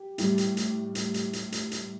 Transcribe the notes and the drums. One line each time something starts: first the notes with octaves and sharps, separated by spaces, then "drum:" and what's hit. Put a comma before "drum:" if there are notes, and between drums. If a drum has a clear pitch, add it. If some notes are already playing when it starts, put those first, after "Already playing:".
Already playing: G4
A2 G3, drum: hi-hat
drum: hi-hat
drum: hi-hat
drum: hi-hat
drum: hi-hat
drum: hi-hat
drum: hi-hat
drum: hi-hat